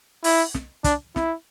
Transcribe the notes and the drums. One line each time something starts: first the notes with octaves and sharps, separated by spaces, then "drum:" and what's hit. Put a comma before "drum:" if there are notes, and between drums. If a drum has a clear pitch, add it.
E4, drum: open hi-hat
drum: snare
D4, drum: kick, hi-hat
E4, drum: snare